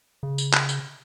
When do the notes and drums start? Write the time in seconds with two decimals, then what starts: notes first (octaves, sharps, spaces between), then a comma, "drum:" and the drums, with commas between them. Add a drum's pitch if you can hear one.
0.23 C#3
0.38 drum: tambourine
0.54 drum: clap
0.69 drum: tambourine